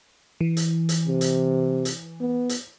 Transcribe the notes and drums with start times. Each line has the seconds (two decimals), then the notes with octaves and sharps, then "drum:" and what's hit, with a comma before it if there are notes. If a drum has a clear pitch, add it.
0.41 E3
0.57 drum: hi-hat
0.89 drum: hi-hat
1.08 C3
1.21 drum: hi-hat
1.85 drum: hi-hat
2.21 B3
2.49 drum: hi-hat